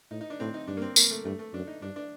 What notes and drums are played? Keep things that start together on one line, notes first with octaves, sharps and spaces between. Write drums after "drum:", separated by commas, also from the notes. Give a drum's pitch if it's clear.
A2 D#4
D#4
D4
A2 C4
D#4
G2 D4
A#3
C4
A#3, drum: tambourine
A3
G2 A3
A3
F#2 D4
D#4
G2 D4
D4